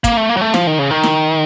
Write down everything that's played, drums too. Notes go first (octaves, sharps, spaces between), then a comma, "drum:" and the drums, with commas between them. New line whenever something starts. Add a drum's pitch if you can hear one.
A#3, drum: kick, hi-hat
A3
A#3
F#3
A3
F3, drum: snare
D#3
C#3
D#3
drum: snare